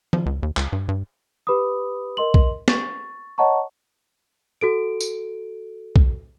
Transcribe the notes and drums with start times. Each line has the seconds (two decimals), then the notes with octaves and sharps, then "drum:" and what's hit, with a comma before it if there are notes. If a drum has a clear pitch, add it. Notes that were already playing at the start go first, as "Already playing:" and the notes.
0.13 F3, drum: tom D#3
0.26 C#2
0.43 D#2
0.57 C#2, drum: clap
0.73 G2
0.88 G2
1.47 G4 B4 B5 D6 D#6
2.17 A#4 D#5 C6 F#7
2.34 drum: kick
2.68 C#6 A6, drum: snare
3.38 C#5 D#5 F#5 A5 A#5 C#6
4.61 F#4 A4 D7
5.00 drum: tambourine
5.96 drum: kick